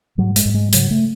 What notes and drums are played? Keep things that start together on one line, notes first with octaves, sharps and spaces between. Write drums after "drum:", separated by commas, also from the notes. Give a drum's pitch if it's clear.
G#2 F#3
G#3, drum: hi-hat
G#2
G#3
C#3 F#3, drum: hi-hat
A3